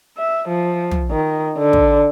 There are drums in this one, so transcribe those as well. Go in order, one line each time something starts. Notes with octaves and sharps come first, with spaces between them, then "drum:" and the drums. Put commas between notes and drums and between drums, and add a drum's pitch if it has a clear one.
E5
F3
drum: tom
D#3
D3
drum: kick